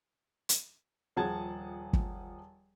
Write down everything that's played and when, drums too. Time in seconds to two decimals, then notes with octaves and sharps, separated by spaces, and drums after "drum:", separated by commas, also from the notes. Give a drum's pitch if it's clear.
0.49 drum: hi-hat
1.16 D#1 F3 G#4 F#5 A5 G#6
1.93 drum: kick